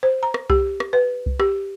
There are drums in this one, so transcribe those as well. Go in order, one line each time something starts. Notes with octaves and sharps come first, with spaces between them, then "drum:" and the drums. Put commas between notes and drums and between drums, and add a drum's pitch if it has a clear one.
C5
A#5
drum: rim click
G4, drum: kick C2
drum: rim click
B4
drum: kick C2
G4, drum: rim click